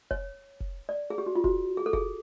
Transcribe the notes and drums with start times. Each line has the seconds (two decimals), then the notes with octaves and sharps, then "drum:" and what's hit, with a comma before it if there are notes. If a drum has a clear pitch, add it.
0.11 C#5, drum: kick F1
0.60 drum: kick F1
0.89 D5
1.10 G#4
1.18 G4
1.26 F#4
1.35 F4
1.44 F#4, drum: kick F1
1.77 G#4
1.86 A4
1.93 G#4, drum: kick F1